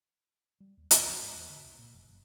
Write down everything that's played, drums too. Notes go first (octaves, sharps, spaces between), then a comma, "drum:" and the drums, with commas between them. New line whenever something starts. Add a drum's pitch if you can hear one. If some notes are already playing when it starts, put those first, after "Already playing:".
G3
D#2
D3, drum: hi-hat
F3
G#2
E2
D3
C2
A#2
F1
F#1